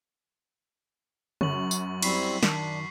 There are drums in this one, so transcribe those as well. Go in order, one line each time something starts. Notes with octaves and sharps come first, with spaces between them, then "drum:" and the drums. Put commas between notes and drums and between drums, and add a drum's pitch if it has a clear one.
F#2 F#3 C#6 F#7, drum: tom C#3
drum: tambourine
G3 C4 E4 C#6 B6 C7, drum: cymbal
D#3 D4, drum: snare